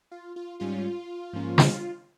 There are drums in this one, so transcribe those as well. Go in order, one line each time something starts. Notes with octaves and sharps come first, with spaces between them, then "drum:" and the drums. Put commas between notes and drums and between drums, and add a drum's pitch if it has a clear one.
F4
F4
G#2 G3 C#4 F4
G#2 F3 A#3 C#4
drum: snare